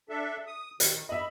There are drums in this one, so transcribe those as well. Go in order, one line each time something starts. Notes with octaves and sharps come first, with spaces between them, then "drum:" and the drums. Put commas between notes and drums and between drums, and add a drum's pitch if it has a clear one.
D4 A4 E5
D#6
D#3, drum: hi-hat
D#5 E5 B5